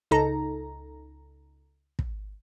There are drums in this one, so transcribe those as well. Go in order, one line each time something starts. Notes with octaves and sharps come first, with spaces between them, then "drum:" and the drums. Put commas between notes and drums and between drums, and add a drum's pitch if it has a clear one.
C#2 D#4 A4 A#5
drum: kick